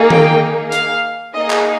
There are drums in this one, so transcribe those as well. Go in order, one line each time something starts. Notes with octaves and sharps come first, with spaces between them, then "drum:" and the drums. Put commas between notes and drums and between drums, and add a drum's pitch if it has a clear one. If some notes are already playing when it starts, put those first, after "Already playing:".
Already playing: A#3 D#4 G#4
G5, drum: tom D#3
F5, drum: hi-hat
A#3 D#4 G#4 D#5
drum: clap